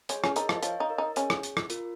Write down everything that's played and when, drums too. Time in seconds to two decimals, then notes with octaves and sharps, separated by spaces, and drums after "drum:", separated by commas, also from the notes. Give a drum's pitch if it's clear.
0.09 G#3 G#4 C#5, drum: hi-hat
0.24 C#4, drum: rim click
0.36 D#4 A#4 D#5, drum: hi-hat
0.49 F3, drum: rim click
0.57 D#5
0.63 F3 C#5 F5, drum: hi-hat
0.80 D#4
0.89 A#4 D#5
0.98 D#4
1.16 C#4 G#4 C#5, drum: hi-hat
1.30 drum: rim click
1.43 drum: hi-hat
1.57 drum: rim click
1.70 F4 A#4, drum: hi-hat